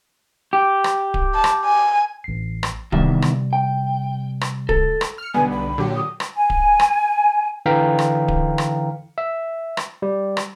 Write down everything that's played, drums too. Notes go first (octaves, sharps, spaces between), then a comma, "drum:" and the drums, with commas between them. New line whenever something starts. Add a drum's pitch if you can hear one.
G4
drum: rim click
drum: kick D1
A5
drum: rim click
G#5
A1 C7
drum: rim click
E2 C3 D#3 G3 E5, drum: kick D1
drum: rim click
G5
drum: rim click
A4, drum: kick D1
drum: rim click
F6 C#7
B1 D3 G3 B3 G#5
B5
A#2 D3 F#3 G4
D#6
drum: rim click
G#5
drum: kick D1
drum: rim click
D3 E3 F5 G5 A#5 B6
drum: rim click
drum: kick D1
drum: rim click
E5
drum: rim click
G3
drum: rim click